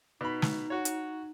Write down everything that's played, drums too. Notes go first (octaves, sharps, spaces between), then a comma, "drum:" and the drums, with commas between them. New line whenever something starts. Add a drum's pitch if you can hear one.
B2 D#4 B5
drum: snare
F#4 C#5
drum: hi-hat